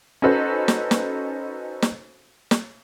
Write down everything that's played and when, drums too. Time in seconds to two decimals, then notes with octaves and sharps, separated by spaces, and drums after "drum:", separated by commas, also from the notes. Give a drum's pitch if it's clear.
0.22 C#4 D#4 F#4 A4 B4 C5
0.68 drum: snare
0.91 drum: snare
1.82 drum: snare
2.51 drum: snare